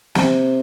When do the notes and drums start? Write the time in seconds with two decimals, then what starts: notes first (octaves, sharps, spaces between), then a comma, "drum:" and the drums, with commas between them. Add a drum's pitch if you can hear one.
0.15 C3, drum: snare